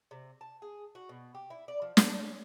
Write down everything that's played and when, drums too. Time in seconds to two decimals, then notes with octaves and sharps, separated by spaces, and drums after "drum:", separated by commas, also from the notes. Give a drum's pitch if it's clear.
0.11 C3
0.41 A5
0.62 G#4
0.95 F#4
1.09 B2
1.35 G4
1.50 E4
1.68 D5
1.82 F3
1.97 D4, drum: snare
2.19 C#4